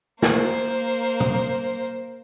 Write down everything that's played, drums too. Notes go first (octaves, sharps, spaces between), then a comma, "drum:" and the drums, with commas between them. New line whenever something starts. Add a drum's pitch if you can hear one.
A#3 C5, drum: snare
drum: tom